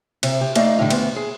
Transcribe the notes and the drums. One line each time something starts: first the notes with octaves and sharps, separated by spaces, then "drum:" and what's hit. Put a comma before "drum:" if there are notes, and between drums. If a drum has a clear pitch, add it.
C3, drum: cymbal
G4
A3 D#4 D5 D#5 F5, drum: cymbal
A2 D3 G3
D2 B3, drum: cymbal
G#4